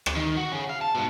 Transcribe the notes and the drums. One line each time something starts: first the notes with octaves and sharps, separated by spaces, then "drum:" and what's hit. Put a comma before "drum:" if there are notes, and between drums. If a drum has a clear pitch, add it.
drum: rim click
D#3
F#4
C#4 G#4
F5
A5
G#2 B2